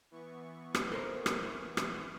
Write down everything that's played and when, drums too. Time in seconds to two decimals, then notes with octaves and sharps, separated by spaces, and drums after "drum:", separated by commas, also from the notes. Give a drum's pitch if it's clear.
0.11 E3 B3 C#6
0.74 drum: rim click
0.92 A4 A#4 C5
1.26 drum: rim click
1.77 drum: rim click